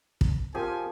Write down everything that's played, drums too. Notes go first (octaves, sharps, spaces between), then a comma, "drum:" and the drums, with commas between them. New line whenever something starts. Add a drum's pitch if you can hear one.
drum: kick
F3 C4 G4 G#4 A#4 G#5